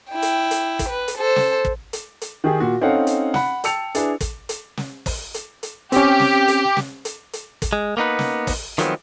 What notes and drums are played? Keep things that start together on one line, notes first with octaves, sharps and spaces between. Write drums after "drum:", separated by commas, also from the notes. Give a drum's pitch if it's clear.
E4 G5
drum: hi-hat
drum: hi-hat
drum: kick, hi-hat
B4
drum: hi-hat
A4 C5
drum: snare
drum: kick
drum: hi-hat
drum: hi-hat
D#3 G4 G#4
A#2 F#4
C4 C#4 D#4 A4 F5 F#5
drum: hi-hat
F#5 B5, drum: snare
G5 A5 E6 C#7 F7, drum: hi-hat
D4 E4 G#4 B4, drum: hi-hat
drum: kick, hi-hat
drum: hi-hat
drum: snare
drum: kick, open hi-hat
drum: hi-hat
drum: hi-hat
C4 C#4 G4, drum: hi-hat
drum: snare
drum: hi-hat
drum: snare
drum: hi-hat
drum: hi-hat
drum: kick, hi-hat
G#3
A#3 B3 D#4 B4
drum: snare
drum: kick, open hi-hat
D#3 F3 F#3 G#3 B3 C4, drum: hi-hat